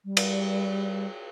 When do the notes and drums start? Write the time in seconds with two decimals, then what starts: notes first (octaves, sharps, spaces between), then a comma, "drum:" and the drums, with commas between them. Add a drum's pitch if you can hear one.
0.05 G3
0.17 drum: cymbal